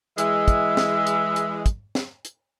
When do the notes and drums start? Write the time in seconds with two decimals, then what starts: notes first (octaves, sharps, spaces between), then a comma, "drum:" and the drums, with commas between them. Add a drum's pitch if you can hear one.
0.18 E3 G#3 E5, drum: hi-hat
0.48 drum: kick, hi-hat
0.77 drum: snare
1.07 drum: hi-hat
1.36 drum: hi-hat
1.66 drum: kick, hi-hat
1.95 drum: snare
2.25 drum: hi-hat